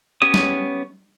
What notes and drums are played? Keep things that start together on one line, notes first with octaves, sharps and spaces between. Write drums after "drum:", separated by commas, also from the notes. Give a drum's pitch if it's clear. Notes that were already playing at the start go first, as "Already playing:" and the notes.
B3 C#4 G4 C#5 D#6
drum: snare